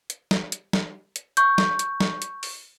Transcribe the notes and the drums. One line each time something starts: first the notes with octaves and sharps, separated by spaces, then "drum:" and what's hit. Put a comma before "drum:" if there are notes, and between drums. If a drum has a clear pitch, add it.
drum: hi-hat
drum: snare
drum: hi-hat
drum: snare
drum: hi-hat
C#6 G6, drum: hi-hat
drum: snare
drum: hi-hat
drum: snare
drum: hi-hat
drum: open hi-hat